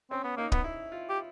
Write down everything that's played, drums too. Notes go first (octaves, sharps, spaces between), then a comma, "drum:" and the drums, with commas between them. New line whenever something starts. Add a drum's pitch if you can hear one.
C4 C#4
B3
A#3 D#4
B3, drum: kick
E4
F4
G4